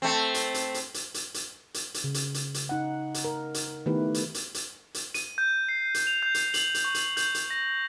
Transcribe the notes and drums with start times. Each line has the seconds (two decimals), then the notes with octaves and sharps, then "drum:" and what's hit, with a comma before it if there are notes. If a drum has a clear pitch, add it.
0.02 A3 C4
0.34 drum: hi-hat
0.54 drum: hi-hat
0.74 drum: hi-hat
0.94 drum: hi-hat
1.14 drum: hi-hat
1.34 drum: hi-hat
1.74 drum: hi-hat
1.94 drum: hi-hat
2.04 C#3
2.14 drum: hi-hat
2.34 drum: hi-hat
2.54 drum: hi-hat
2.69 D#4 F#5
3.14 drum: hi-hat
3.25 A#4
3.54 drum: hi-hat
3.86 D#3 A3 B3 E4 G4 B4
4.14 drum: hi-hat
4.34 drum: hi-hat
4.54 drum: hi-hat
4.94 drum: hi-hat
5.14 D#7, drum: hi-hat
5.38 G6
5.50 G6
5.69 C7
5.94 drum: hi-hat
6.07 F7
6.23 G6
6.34 drum: hi-hat
6.54 F#7, drum: hi-hat
6.74 drum: hi-hat
6.85 C#6
6.94 drum: hi-hat
7.17 G6, drum: hi-hat
7.35 drum: hi-hat
7.50 A#6